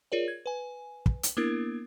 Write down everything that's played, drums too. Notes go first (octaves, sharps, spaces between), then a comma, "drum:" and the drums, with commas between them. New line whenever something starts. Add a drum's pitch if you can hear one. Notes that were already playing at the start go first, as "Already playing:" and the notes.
F4 G#4 A#4 C#5 D5
G#6
B4 G#5
drum: kick
drum: hi-hat
A#3 B3 D4 E4 A#4